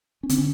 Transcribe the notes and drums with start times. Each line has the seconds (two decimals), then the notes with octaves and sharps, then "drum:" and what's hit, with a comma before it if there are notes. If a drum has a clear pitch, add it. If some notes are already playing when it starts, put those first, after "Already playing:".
0.23 C#4
0.29 D3 C4, drum: hi-hat
0.38 C#4